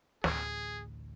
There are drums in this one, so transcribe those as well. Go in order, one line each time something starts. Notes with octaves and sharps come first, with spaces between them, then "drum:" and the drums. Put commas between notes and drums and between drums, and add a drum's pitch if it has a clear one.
A1 D2 G#4, drum: snare